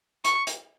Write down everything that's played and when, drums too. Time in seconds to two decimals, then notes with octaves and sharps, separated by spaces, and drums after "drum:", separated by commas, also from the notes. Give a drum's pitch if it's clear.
0.25 C#6, drum: hi-hat
0.47 drum: hi-hat